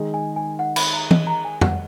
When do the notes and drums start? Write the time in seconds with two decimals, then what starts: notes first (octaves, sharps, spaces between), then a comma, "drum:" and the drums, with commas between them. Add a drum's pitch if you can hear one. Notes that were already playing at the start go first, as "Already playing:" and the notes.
Already playing: D#3 G#3 D#4 G#4
0.14 G#5
0.36 G#5
0.59 F#5
0.76 B5, drum: cymbal
0.93 A#5
1.11 D#5, drum: tom
1.27 A#5
1.45 G#5
1.61 F#5, drum: tom F2